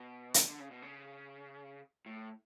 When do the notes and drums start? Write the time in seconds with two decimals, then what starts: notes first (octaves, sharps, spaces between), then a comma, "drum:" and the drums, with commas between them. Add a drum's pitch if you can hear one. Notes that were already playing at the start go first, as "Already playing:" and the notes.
Already playing: B2
0.34 drum: hi-hat
0.48 D3
0.59 C#3
0.71 B2
0.82 C#3
2.06 A2